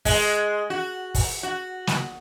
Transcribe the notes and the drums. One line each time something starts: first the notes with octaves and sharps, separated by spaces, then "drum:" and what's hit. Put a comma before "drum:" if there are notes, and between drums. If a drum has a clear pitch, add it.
G#3, drum: kick, open hi-hat
F#4
drum: kick, open hi-hat
F#4
drum: snare